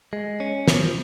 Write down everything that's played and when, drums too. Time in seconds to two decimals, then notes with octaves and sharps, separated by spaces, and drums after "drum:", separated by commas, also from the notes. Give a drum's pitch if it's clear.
0.13 G#3
0.40 C#4
0.68 F3, drum: snare